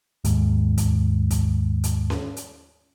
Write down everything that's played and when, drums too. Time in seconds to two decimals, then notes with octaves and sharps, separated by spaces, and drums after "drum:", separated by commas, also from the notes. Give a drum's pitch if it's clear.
0.25 D#2 G#2, drum: hi-hat
0.78 drum: kick, hi-hat
1.31 drum: kick, hi-hat
1.84 drum: hi-hat
2.10 drum: snare C#4
2.37 drum: hi-hat